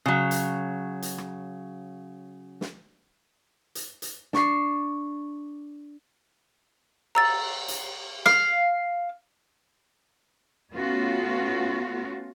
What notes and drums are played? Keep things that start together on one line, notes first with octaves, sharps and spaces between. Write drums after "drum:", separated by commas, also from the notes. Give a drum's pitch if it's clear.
C#3 F#3
drum: hi-hat
drum: hi-hat
drum: rim click
drum: snare
drum: hi-hat
drum: hi-hat
D4 C#6 C7, drum: snare
A#5 E6 A6, drum: cymbal
drum: hi-hat
F5, drum: snare
A3 B3 C#4 F4 F#4